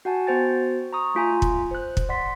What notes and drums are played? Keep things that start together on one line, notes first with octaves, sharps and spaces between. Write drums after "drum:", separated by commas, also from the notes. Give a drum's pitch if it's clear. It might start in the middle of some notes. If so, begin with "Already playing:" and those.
F#4 F#5 G#5 A5
B3 F#4 C5 G5 A6
A#5 C#6 D#6
A3 F4 G#5 A#5
drum: kick
C5 F#6
drum: kick
D5 F#5 C6 B6